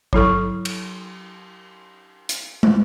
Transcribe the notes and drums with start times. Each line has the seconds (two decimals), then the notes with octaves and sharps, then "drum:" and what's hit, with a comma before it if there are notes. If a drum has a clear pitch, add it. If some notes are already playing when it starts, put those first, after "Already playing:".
0.13 F#3 E4 A4 C#6, drum: kick A1
0.65 drum: cymbal
2.29 drum: hi-hat
2.63 drum: tom